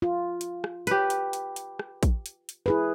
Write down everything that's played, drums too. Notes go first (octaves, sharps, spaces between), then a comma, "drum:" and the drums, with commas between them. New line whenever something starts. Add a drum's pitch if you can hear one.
F4
drum: hi-hat
drum: rim click
G4 B4, drum: hi-hat
drum: hi-hat
drum: hi-hat
drum: hi-hat
drum: rim click
drum: kick, hi-hat
drum: hi-hat
drum: hi-hat
E4 G#4 B4